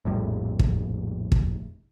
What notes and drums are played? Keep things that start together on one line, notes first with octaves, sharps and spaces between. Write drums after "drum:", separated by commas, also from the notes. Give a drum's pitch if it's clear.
A#1 F2 A2 G3
drum: kick
drum: kick